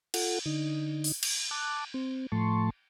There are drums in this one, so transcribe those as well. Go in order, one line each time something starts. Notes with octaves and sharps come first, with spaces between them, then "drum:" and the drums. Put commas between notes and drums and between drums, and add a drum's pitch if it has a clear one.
F4 A4 F#5, drum: cymbal
D3 D#4
drum: open hi-hat
drum: cymbal
A5 D6 F#6
C4
A2 F3 A3 A5 C6 C#6